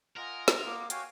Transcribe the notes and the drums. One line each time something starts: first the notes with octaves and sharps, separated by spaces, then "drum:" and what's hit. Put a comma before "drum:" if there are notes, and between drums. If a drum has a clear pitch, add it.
F4 A#4 D#5 F#5 G#5
drum: snare
A#3 D6
F#4 C#5 F5 G5 G#5, drum: hi-hat